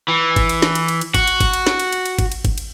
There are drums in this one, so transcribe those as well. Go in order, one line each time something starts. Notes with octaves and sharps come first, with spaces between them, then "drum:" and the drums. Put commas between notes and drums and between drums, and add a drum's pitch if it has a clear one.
E3
drum: kick, cymbal
drum: cymbal
drum: snare
drum: cymbal
drum: cymbal
drum: cymbal
F#4, drum: kick, cymbal
drum: cymbal
drum: kick, cymbal
drum: cymbal
drum: snare
drum: cymbal
drum: cymbal
drum: cymbal
drum: kick, cymbal
drum: cymbal
drum: kick, cymbal
drum: cymbal